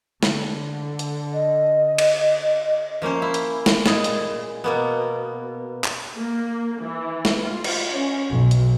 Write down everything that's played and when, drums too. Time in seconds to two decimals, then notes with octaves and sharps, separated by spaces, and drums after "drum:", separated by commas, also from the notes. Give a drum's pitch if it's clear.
0.23 D3, drum: snare
0.99 drum: hi-hat
1.33 D#5
1.98 drum: cymbal
3.02 F3 A#3 C#4 C5
3.22 E4
3.34 drum: hi-hat
3.66 drum: snare
3.86 A#2 G#3 G#4 A5, drum: snare
4.04 drum: hi-hat
4.64 B2 A#3 B3
5.84 drum: clap
6.17 A#3
6.82 E3
7.25 drum: snare
7.41 F4
7.64 drum: cymbal
7.92 C#4
8.31 B1
8.51 drum: hi-hat